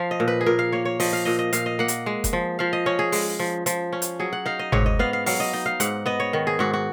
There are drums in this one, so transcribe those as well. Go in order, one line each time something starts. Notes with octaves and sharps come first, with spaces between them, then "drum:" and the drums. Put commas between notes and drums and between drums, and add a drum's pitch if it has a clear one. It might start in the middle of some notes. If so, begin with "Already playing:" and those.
Already playing: F3 F5
D#5
A#2
B4
G#4
A#2 A#4
F5
A#3 C#5
C#5
F3 D#5, drum: open hi-hat
F5
A#2 D#5
D#5
A#2 F5, drum: hi-hat
D#5
A#3 F#5
drum: hi-hat
G#3
drum: kick F#1, hi-hat
F3
F3 F5
D#5
C#4 C#5
G#4
G#3, drum: open hi-hat
F3
F3, drum: hi-hat
C#4
drum: hi-hat
F#3 G#4
F#5
D#4 F5
D#5
G#2 C#5, drum: tom G1
D#5
B3 F5
F5
F#3 F5, drum: open hi-hat
D#5
D#4
F5
G#2 F#5, drum: hi-hat
B3 D#5
C#5
D#3
G#4
G#2 F#4
F#4